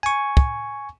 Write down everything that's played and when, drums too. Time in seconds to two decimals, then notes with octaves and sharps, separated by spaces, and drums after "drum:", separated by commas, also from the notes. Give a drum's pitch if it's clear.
0.03 G#5 C#6
0.37 drum: kick